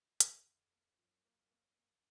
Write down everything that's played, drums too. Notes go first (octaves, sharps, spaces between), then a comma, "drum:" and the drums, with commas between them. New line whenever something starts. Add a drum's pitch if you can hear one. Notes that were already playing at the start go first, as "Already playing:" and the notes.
F2 A#3, drum: hi-hat
D3
A#3
F#2 F3
A#3
A#3
F#2 A#3